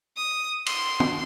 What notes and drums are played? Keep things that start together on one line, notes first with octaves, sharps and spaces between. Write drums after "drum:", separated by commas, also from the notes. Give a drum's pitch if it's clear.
D#6
C6, drum: cymbal
drum: tom